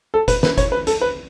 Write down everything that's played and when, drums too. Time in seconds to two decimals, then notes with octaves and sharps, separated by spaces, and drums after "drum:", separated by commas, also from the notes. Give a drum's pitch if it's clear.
0.14 A4
0.28 B4, drum: kick F#1, hi-hat
0.43 B4, drum: snare
0.58 C#5, drum: kick F#1, hi-hat
0.72 B4
0.87 A4, drum: hi-hat
1.01 B4